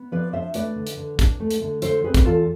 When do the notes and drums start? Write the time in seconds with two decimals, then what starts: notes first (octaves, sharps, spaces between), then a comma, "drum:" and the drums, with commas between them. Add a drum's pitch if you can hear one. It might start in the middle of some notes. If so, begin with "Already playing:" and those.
Already playing: B3
0.12 F3 B4 D5
0.33 D4 C5 E5
0.54 A3 B4 D5, drum: hi-hat
0.76 D3
0.87 drum: hi-hat
0.97 D3
1.19 D4, drum: kick, hi-hat
1.40 A3
1.51 drum: hi-hat
1.61 D3
1.82 D3 A4 C5, drum: hi-hat
2.04 C4 G#4 B4
2.14 drum: kick, hi-hat
2.25 E2 F4 A4